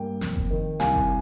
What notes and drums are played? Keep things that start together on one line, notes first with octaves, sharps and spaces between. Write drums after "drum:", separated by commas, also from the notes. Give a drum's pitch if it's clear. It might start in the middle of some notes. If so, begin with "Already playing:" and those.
Already playing: G2 A#3 G5
F1, drum: snare
drum: kick F#1
D#3
C2 F5 G#5, drum: snare
drum: kick F#1